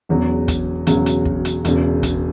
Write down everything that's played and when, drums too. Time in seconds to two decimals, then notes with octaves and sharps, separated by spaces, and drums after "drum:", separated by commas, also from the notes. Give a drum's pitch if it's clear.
0.09 E1 E2 C#3 F#3
0.48 drum: kick, hi-hat
0.87 E1 E2 C#3 F#3, drum: hi-hat
1.06 drum: hi-hat
1.25 drum: kick
1.45 drum: hi-hat
1.65 E1 E2 C#3, drum: hi-hat
2.03 drum: kick, hi-hat